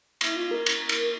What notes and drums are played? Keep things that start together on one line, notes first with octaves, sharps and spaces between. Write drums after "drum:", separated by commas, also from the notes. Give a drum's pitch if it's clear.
E4, drum: cymbal
F4
A#4
drum: cymbal
drum: cymbal